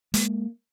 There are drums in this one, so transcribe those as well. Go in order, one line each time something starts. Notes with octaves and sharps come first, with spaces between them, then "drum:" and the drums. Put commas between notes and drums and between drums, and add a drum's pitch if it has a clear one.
G#3 A#3, drum: hi-hat